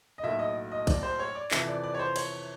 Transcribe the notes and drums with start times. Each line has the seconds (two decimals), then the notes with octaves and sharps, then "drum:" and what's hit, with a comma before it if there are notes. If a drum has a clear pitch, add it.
0.18 D#5
0.23 B1 A2 F#3 A#3 E5
0.39 D#5
0.71 D#5
0.87 D5, drum: kick, cymbal
1.03 C5
1.20 C#5
1.35 D5
1.51 F2 C3 E3 E5, drum: clap
1.68 D5
1.83 D5
1.94 C#5
1.99 C5
2.16 C#5, drum: cymbal